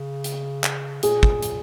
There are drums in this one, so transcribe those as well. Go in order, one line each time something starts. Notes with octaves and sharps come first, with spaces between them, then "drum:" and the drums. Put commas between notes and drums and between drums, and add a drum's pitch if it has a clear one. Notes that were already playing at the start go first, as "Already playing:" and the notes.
Already playing: C#3
drum: hi-hat
drum: clap
A#2 G#4, drum: hi-hat
drum: kick
drum: hi-hat